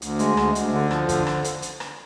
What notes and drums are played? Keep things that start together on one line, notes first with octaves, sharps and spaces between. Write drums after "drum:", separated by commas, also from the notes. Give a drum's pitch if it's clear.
D2, drum: hi-hat
G#3, drum: hi-hat
D2, drum: rim click
D2, drum: hi-hat
D3
F3, drum: rim click
D3, drum: kick, hi-hat
drum: rim click
drum: hi-hat
drum: hi-hat
drum: rim click